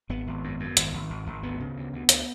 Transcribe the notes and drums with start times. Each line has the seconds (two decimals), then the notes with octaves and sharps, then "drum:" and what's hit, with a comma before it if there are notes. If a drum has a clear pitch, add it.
0.09 G#1 B3
0.27 G#1
0.44 F#2
0.60 F#2
0.77 G#1, drum: hi-hat
0.94 G#1
1.10 G#1
1.26 G#1
1.43 D2 B3
1.60 C#3
1.77 D2
1.93 D2
2.09 D2, drum: hi-hat